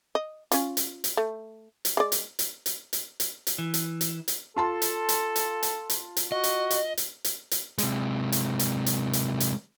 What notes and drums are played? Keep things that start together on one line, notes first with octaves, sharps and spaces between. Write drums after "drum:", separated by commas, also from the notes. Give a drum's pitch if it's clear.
D#5
C#4 F4, drum: hi-hat
drum: hi-hat
drum: hi-hat
A3
drum: hi-hat
G#3 D5
drum: hi-hat
drum: hi-hat
drum: hi-hat
drum: hi-hat
drum: hi-hat
drum: hi-hat
E3
drum: hi-hat
drum: hi-hat
drum: hi-hat
F4 A4 A5 C6
drum: hi-hat
drum: hi-hat
drum: hi-hat
drum: hi-hat
drum: hi-hat
drum: hi-hat
F#4 D#5
drum: hi-hat
drum: hi-hat
drum: hi-hat
drum: hi-hat
drum: hi-hat
C3 G#3, drum: hi-hat
drum: hi-hat
drum: hi-hat
drum: hi-hat
drum: hi-hat
drum: hi-hat